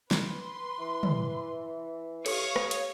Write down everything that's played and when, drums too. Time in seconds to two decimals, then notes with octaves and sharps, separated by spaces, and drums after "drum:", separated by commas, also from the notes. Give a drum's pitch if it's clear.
0.11 B4 C6, drum: snare
0.79 E3
1.03 drum: tom
2.26 G4 A4 C#5 F5 C#6 D#6, drum: cymbal
2.56 drum: rim click
2.71 drum: hi-hat